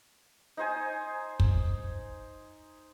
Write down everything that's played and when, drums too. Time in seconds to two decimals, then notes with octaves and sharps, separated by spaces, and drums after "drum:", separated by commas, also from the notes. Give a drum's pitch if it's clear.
0.57 D#4 C5 G#5
1.40 drum: kick